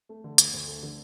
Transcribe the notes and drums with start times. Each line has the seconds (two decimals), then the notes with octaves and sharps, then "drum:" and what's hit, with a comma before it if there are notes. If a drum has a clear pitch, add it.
0.09 A3
0.24 D3
0.38 D2, drum: hi-hat
0.53 D2
0.68 A3
0.83 D3